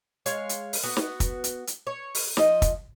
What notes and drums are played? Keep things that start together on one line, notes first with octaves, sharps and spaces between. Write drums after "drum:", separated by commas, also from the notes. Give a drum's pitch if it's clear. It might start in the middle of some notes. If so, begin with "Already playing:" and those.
G#3 C#5 F5, drum: hi-hat
drum: hi-hat
drum: open hi-hat
B3 F#4
drum: snare
drum: kick, hi-hat
drum: hi-hat
drum: hi-hat
C#5
drum: open hi-hat
F3 D#5, drum: snare
drum: kick, hi-hat